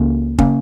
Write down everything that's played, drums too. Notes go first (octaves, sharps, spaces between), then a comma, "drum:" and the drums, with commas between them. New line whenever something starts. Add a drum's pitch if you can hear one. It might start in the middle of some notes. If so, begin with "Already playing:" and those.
Already playing: C#2 C#3 A#3 C#4
C#3 A#3 C#4, drum: kick